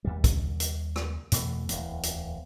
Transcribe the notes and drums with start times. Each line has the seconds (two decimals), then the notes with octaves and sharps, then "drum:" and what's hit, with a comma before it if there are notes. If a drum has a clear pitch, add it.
0.04 D#2 G3
0.24 drum: kick, hi-hat
0.60 drum: hi-hat
0.96 drum: rim click
1.32 E2 B2 E3 A3, drum: hi-hat
1.69 D1 E2, drum: hi-hat
2.03 drum: hi-hat